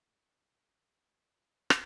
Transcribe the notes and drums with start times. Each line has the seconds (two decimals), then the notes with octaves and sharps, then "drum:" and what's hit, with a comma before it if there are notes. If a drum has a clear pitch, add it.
0.03 A#4 F#5
1.70 drum: rim click